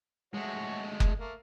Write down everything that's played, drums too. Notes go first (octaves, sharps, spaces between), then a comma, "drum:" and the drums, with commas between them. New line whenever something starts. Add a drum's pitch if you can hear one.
G#3 A3 F#4 C#5
drum: kick F#1
A3 A#3